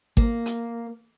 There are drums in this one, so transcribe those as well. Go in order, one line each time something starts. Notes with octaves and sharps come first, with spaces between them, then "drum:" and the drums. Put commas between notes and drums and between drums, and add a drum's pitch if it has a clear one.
A#3, drum: kick
drum: hi-hat